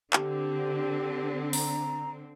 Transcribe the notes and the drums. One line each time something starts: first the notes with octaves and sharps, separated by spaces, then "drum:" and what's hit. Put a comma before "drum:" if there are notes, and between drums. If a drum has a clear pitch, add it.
D3 C4 G4, drum: clap
A#5, drum: open hi-hat